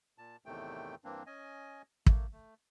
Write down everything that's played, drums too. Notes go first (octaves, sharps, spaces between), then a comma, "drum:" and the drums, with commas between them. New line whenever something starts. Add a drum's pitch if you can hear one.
A#2 A5
E2 A2 C3 D#3 A3 G5
G2 E3 A#3 C4 D4
C#4 D#5 G#5
A3 A#3, drum: kick
A3